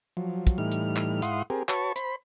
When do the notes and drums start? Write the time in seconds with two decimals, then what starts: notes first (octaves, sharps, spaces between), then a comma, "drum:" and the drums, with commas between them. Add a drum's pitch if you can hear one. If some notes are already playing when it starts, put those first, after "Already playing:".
0.17 F3 F#3
0.47 drum: kick, hi-hat
0.58 A2 E3 G3 D#4 F6
0.72 drum: hi-hat
0.96 drum: clap
1.22 G#2 E4 F5 F#5 C6 D#6, drum: hi-hat
1.50 C4 G4 G#4 A#4
1.69 F#4 B4 C#5 A5 C#6, drum: clap
1.96 C5 B5, drum: hi-hat